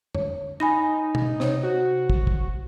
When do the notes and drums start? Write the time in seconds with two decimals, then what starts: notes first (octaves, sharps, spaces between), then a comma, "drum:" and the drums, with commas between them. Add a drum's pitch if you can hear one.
0.15 C#5, drum: tom F2
0.60 D#4 G#5 B5 A#6
1.15 drum: tom B2
1.40 C3 C#5, drum: snare
1.63 F#4
2.10 drum: kick
2.27 drum: kick